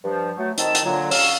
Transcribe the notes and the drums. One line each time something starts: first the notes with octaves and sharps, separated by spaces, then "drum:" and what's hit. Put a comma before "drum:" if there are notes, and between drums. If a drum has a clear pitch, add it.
G2 F3
F#3 A3
D#3 C4 D#5 A5 E6, drum: hi-hat
drum: hi-hat
A#2 D3 F#3
D3 C#4 C#5 F5 E6, drum: open hi-hat